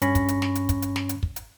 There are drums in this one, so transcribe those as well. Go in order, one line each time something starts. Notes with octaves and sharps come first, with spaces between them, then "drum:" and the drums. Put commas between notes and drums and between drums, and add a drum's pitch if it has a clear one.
G2 C#4 B5 C#6 A#6, drum: hi-hat
drum: kick, hi-hat
drum: hi-hat
drum: snare
drum: hi-hat
drum: kick, hi-hat
drum: hi-hat
drum: snare
drum: hi-hat
drum: kick
drum: hi-hat